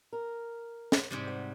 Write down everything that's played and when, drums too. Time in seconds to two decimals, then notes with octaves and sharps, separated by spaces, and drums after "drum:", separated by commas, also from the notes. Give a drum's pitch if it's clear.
0.13 A#4
0.92 drum: snare
1.10 G#2 C3 G3
1.28 F#5